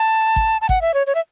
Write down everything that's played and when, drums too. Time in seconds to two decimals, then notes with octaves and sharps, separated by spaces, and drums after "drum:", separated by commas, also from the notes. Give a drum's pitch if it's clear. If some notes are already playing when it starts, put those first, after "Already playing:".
Already playing: A5
0.36 drum: kick
0.61 A5
0.69 F#5, drum: kick
0.81 E5
0.94 C#5
1.07 C#5
1.15 E5